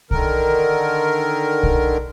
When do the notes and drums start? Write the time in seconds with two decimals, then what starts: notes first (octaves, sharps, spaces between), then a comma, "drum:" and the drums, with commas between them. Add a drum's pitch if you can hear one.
0.11 D3 D#3 A#4, drum: kick
1.63 drum: kick